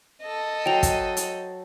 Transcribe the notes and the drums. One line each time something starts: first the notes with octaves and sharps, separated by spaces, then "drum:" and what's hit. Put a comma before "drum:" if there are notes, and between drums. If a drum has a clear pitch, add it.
A4 D#5
F#3 C5 G5 F7
drum: kick, hi-hat
drum: hi-hat